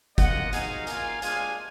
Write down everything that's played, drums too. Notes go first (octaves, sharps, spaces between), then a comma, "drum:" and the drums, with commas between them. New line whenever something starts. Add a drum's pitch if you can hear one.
A#3 F4 D#5 F#5, drum: kick, hi-hat
G#3 D#4 F#4 F5 G#5, drum: hi-hat
A#3 F4 F5 G#5, drum: hi-hat
G#3 D4 F4 F5 G#5, drum: hi-hat